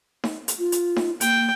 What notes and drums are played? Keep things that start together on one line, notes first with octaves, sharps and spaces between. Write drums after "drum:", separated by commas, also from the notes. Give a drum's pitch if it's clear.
drum: snare D#4
drum: hi-hat
F4
drum: hi-hat
drum: snare D#4
A#3 G5, drum: hi-hat